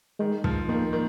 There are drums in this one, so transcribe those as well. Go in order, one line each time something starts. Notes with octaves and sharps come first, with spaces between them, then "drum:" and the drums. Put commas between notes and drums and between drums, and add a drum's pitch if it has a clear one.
D#3 G#3
F3, drum: kick
D#3 A#3
D#3